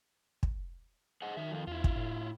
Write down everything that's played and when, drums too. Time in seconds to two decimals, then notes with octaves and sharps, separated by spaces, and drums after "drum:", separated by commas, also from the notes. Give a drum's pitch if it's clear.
0.43 drum: kick
1.22 G#4 D#5 F#5
1.37 F#2 D#3 F#3 E5
1.51 F2 F4
1.67 E2 E4 F4
1.84 drum: kick
1.96 A2